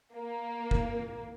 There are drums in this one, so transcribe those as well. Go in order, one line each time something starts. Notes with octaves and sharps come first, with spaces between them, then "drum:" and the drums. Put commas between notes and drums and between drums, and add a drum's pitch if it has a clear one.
A#3
drum: kick F1